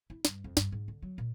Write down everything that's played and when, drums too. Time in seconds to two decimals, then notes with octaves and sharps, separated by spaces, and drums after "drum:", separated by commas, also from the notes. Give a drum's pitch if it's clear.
0.10 E4
0.25 G2, drum: snare
0.44 F2
0.57 G2, drum: snare
0.72 G#2
0.88 D3
1.02 F#3
1.18 A#2